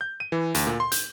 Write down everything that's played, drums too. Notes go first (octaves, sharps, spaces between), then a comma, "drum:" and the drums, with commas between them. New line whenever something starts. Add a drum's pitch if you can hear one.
G6
D#7
E3
D2, drum: hi-hat
A#2
C6
G6, drum: hi-hat